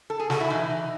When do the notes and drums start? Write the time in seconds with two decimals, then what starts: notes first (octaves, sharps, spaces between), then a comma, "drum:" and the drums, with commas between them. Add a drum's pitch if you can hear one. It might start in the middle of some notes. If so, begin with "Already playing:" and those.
0.10 A4
0.19 G#4
0.30 F#4, drum: snare
0.40 E4
0.50 E3 D#4